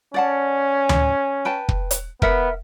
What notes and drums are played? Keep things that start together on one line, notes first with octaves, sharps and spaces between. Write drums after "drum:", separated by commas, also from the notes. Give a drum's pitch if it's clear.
C#4 D5 F#5 A5
drum: tom D2
B4 G5 A5
drum: kick
drum: hi-hat
B3 A#4 E5 F#5, drum: kick